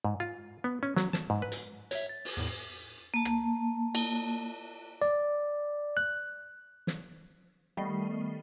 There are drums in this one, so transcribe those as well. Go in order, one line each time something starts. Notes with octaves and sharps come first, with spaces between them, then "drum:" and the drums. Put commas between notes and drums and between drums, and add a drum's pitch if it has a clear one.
G#2
F4
B3
C#4
F#3, drum: snare
A5, drum: snare
G#2
B4
drum: hi-hat
C#5 E5, drum: hi-hat
A6
drum: open hi-hat
E2 A2
A#3 A5
drum: rim click
drum: cymbal
D5
F#6
drum: snare
D#3 G3 A3 B3 D#5 C7